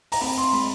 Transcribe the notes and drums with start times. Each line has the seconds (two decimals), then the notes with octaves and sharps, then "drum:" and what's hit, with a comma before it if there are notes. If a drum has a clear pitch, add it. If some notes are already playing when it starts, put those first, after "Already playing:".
0.12 A#5, drum: open hi-hat
0.21 C4 B5
0.38 C6
0.52 G#3 B5